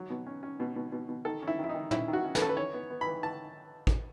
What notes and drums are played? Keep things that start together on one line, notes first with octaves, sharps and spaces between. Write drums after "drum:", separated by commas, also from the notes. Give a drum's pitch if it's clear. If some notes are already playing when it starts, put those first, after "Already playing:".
Already playing: F#3
B2
C#4
C#4
B2
B2
B2
B2
D#3 A4
C#4
E4
D#3
E4
D#4
D#3
C#4 E4, drum: tom
D#3
F#4
C#4
B4, drum: snare
C#4 A4
B4
E3 C#5
B3
B3
B5
E3
E3 A5
drum: kick